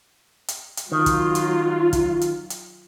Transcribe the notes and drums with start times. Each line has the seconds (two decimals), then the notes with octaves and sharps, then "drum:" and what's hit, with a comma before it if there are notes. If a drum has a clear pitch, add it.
0.48 drum: hi-hat
0.77 drum: hi-hat
0.92 D#3 F#3 F4
1.06 drum: kick, hi-hat
1.35 drum: hi-hat
1.93 drum: kick, hi-hat
2.21 drum: hi-hat
2.50 drum: hi-hat